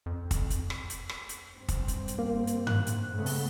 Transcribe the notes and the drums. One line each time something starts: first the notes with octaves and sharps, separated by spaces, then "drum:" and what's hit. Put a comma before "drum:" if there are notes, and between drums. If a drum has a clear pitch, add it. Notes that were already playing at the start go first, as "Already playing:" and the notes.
F2
drum: kick, hi-hat
drum: hi-hat
drum: rim click
drum: hi-hat
drum: rim click
drum: hi-hat
G2 C4
drum: kick, hi-hat
drum: hi-hat
drum: hi-hat
A#3
drum: hi-hat
F#6, drum: tom G2
drum: hi-hat
C#3 A3 B3
drum: open hi-hat